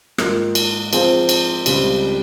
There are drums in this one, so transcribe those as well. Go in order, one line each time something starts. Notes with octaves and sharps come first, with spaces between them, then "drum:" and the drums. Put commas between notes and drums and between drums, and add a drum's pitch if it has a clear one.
G#2 D#3 A#3 F4, drum: rim click
drum: cymbal
F3 C4 F4 G#4 C5, drum: cymbal
drum: cymbal
C#2 C#3 G3 C4, drum: cymbal